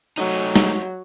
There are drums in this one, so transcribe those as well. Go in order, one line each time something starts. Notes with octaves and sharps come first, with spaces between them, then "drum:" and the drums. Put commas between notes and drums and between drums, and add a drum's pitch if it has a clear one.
F#3 A3 D#4
drum: snare